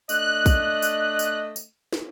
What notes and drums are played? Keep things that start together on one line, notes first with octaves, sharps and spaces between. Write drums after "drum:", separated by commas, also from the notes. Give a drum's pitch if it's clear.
A3 D4 D#5 F#6, drum: tambourine
drum: kick A#1, tambourine
drum: tambourine
drum: tambourine
drum: tambourine
drum: snare